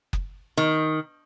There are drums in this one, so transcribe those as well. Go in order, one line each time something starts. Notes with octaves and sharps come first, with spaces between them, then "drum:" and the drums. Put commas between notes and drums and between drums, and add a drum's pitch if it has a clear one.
drum: kick F#1
D#3